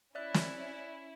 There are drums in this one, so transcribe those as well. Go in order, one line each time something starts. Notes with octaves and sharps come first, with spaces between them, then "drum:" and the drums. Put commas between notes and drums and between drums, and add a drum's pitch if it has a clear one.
C#4 E4 D5 E5 F#6
drum: snare